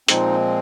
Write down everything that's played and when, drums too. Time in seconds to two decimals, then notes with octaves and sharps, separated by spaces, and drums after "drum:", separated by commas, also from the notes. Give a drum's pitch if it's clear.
0.08 A#2 F3 G#3 C4 D#4, drum: hi-hat